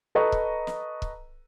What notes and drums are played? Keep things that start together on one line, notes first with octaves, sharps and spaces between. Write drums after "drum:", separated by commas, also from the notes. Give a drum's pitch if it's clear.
A4 B4 D#5 A#5 C#6
drum: kick
drum: snare
drum: kick